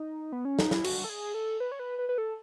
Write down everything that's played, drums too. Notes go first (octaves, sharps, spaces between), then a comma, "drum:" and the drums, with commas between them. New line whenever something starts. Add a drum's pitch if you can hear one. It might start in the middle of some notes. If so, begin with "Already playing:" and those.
Already playing: D#4
B3
C#4
D#4, drum: snare
E4, drum: snare
F#4, drum: cymbal
A4
G#4
A4
B4
C#5
B4
B4
B4
A4